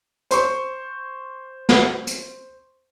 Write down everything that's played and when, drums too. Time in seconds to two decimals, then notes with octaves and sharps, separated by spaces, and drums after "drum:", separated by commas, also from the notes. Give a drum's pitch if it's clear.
0.31 C5 C6 C#6, drum: hi-hat
1.69 drum: snare
2.07 drum: hi-hat